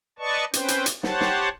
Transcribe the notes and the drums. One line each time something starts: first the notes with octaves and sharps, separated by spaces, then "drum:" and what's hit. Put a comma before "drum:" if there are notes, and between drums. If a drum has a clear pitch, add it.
B4 D5 D#5 A5 C#6
C4 C#4 B4 C5 G5, drum: hi-hat
drum: hi-hat
drum: hi-hat
G4 C5 C#5 F#5 A5, drum: snare
drum: snare